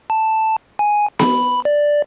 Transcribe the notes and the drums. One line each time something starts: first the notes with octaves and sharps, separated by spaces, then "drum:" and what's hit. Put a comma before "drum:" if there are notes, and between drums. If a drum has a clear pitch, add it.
A5
G#5
B5, drum: snare B3
D5